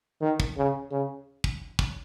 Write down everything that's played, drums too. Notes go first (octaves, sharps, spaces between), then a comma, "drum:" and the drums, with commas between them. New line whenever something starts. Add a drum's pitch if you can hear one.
D#3
drum: kick
C#3
C#3
drum: kick
drum: kick